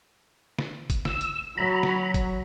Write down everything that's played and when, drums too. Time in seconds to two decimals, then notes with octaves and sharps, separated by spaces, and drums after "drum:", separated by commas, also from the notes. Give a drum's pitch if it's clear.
0.59 drum: snare
0.90 drum: kick, hi-hat
1.05 E6, drum: snare
1.21 drum: hi-hat
1.57 F#3 A#5 B5
1.83 drum: snare
2.14 drum: kick, hi-hat